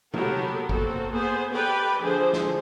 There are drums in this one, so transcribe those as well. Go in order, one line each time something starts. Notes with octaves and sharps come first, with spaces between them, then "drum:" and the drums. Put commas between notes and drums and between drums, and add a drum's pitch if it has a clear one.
F#3 B3 G4 A4 A#4, drum: tom C3
A#3 C4 F#4 A4, drum: kick G#1
B3 G#4 C5
G4 A4 B4 D5 G5
D3 F3 G#4 A4 C5
drum: snare